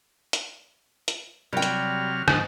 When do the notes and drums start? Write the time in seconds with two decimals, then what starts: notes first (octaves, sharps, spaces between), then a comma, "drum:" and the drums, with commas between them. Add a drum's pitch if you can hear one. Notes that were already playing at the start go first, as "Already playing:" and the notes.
0.33 drum: hi-hat
1.08 drum: hi-hat
1.53 C3 F#3 G3 G5 F6
1.62 drum: hi-hat
2.28 G#2 D#3 A5 D#6, drum: rim click